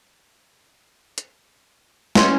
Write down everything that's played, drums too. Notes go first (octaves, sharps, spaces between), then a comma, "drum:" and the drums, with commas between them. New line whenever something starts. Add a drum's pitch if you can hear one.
drum: hi-hat
C#4 C6, drum: snare